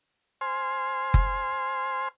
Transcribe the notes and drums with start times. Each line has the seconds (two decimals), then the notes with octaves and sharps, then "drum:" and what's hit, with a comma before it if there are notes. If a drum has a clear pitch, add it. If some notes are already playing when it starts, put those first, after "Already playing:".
0.41 C5 G#5 C6 F6
1.14 drum: kick F#1